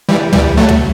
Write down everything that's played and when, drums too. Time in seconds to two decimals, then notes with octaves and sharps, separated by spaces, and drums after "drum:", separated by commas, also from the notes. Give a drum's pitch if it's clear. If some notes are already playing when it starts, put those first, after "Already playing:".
0.09 E3 G3
0.33 E3 G3, drum: tom
0.57 F#3 A3
0.69 drum: tom